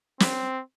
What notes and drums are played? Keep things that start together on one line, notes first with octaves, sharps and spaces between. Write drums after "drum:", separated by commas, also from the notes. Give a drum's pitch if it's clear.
C4, drum: snare